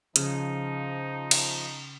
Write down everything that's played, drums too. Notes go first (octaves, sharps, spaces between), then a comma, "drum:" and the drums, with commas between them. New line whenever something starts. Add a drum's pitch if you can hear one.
C#3 F3 D#4, drum: hi-hat
drum: cymbal